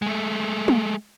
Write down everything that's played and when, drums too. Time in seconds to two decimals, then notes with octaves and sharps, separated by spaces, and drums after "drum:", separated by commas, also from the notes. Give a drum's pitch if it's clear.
0.02 G#3 A3
0.68 drum: tom